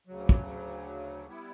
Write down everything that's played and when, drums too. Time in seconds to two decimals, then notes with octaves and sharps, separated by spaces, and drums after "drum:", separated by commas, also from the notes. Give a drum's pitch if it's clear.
0.07 D2 C#3 F#3
0.29 drum: kick
1.26 G3 B3 E4